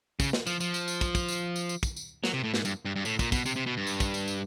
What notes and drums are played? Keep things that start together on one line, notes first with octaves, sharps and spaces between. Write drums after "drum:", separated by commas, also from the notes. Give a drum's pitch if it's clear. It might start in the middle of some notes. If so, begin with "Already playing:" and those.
C#3, drum: kick, tambourine
drum: snare
F3, drum: tambourine
F3, drum: tambourine
drum: tambourine
drum: tambourine
drum: kick, tambourine
drum: kick, tambourine
drum: tambourine
drum: tambourine
drum: tambourine
drum: kick, tambourine
drum: tambourine
F#3, drum: snare
C3
A2
G#2, drum: snare
G2, drum: tambourine
G2
G2
A2, drum: tambourine
A#2, drum: kick, tambourine
B2, drum: kick, tambourine
C3, drum: tambourine
C3
B2
G2
drum: tambourine
drum: kick, tambourine
drum: tambourine
drum: tambourine